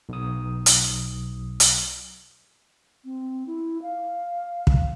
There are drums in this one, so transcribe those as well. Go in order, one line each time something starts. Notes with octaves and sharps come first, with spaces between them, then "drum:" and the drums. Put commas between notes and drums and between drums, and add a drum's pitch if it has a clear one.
B1 D#6
drum: hi-hat
drum: hi-hat
C4
E4
F5
drum: kick